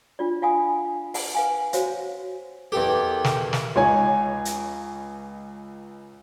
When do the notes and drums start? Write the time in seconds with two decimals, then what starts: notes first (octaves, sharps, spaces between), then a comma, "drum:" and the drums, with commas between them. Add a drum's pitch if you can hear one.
0.19 D4 F4 D5
0.42 D5 F5 F#5 G#5 B5 D#6
1.14 F#5, drum: open hi-hat
1.35 B4 F5 G#5
1.73 F#4 C5 C#5 F5 F#5, drum: hi-hat
2.72 E2 G4 A4 A#4 G5
3.24 drum: snare
3.53 drum: snare
3.76 C#2 D#4 C#5 G#5
4.45 drum: hi-hat